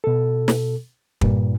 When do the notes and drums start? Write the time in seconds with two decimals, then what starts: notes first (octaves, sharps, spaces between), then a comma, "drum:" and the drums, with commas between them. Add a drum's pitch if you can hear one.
0.04 B2 A4
0.48 drum: snare
1.21 G2 A#2, drum: kick